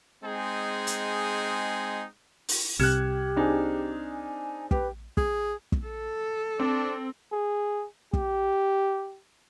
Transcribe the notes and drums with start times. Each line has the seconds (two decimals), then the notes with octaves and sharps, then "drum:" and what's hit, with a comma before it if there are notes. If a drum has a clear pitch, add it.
0.24 G#3 C4 D#4 G#4
0.87 drum: hi-hat
2.48 drum: open hi-hat
2.79 C2 C3 G4 F6 F#6 G#6 C#7 E7
3.36 C4 D4 D#4 G#4
4.13 G#5
4.71 G4 B4, drum: kick
5.17 G#4, drum: kick
5.72 drum: kick
5.86 A4
6.60 C4 D4
7.32 G#4
8.13 G4, drum: kick